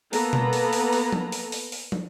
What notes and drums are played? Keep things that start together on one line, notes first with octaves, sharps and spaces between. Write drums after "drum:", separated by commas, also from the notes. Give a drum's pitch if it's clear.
A#3 B3 A4 B4 A#5 B5, drum: open hi-hat
drum: tom B2
drum: open hi-hat
drum: open hi-hat
drum: open hi-hat
drum: tom
drum: open hi-hat
drum: open hi-hat
drum: open hi-hat
drum: tom